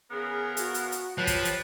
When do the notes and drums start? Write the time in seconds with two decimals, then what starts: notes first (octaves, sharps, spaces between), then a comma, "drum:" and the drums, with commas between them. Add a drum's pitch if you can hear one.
0.11 C#3 B3 G#4 A#4
0.57 F#4, drum: hi-hat
0.74 drum: hi-hat
0.92 drum: hi-hat
1.18 F3 G4 B4 C#5
1.27 drum: kick, hi-hat
1.45 drum: hi-hat